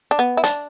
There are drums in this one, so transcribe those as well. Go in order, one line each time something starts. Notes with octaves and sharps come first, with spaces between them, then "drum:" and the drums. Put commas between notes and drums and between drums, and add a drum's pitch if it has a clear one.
D4
B3
E4
D4, drum: hi-hat